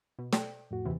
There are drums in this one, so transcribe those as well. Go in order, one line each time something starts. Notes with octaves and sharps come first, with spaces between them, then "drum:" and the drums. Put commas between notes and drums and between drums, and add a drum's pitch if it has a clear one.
B2
A4 D5 G5, drum: snare
F2 A2 F#4
D#2 C3 E3